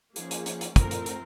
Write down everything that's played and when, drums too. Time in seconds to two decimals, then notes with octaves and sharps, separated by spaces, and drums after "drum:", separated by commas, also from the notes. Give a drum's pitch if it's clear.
0.16 F3 A#3 C#4 G#4, drum: hi-hat
0.31 drum: hi-hat
0.46 drum: hi-hat
0.61 drum: hi-hat
0.76 F3 A3 C4 A#4, drum: kick, hi-hat
0.91 drum: hi-hat
1.06 drum: hi-hat